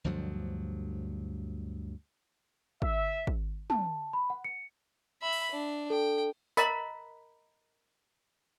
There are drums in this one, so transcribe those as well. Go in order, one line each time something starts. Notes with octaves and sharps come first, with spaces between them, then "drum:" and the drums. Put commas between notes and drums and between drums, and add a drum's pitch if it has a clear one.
D2 G2 F3 F#3
E5, drum: kick
drum: kick
A5, drum: tom
B5
F#5
C#7
E5 B5
drum: cymbal
D4
A4 G5
A#4 D#5 A#5 B5, drum: tambourine